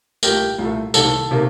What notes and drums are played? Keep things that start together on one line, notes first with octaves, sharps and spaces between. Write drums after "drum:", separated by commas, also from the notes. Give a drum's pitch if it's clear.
C2 A#2 A3 G4 A#4, drum: tambourine
C2 A#2 A3
C2 C3 D#3 A#3 A4, drum: tambourine
C3 D#3 A#3